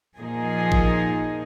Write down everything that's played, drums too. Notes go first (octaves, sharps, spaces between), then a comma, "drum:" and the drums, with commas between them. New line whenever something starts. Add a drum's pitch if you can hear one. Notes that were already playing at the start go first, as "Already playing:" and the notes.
A#2 F3 A#3 D#4 G#4
drum: kick G#1